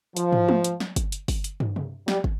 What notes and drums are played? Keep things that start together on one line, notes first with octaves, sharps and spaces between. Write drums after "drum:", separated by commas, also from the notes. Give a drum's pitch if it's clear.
F3, drum: hi-hat
drum: tom
drum: tom G#3
drum: hi-hat
drum: snare
drum: kick, hi-hat
drum: hi-hat
drum: kick, open hi-hat
drum: hi-hat
drum: tom
drum: tom C3
G3, drum: snare
drum: kick